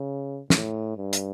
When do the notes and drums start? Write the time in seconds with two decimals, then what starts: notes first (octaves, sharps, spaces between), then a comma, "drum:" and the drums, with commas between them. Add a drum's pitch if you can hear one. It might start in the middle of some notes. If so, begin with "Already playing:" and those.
Already playing: C#3
0.50 A2, drum: snare
0.97 G2
1.13 drum: hi-hat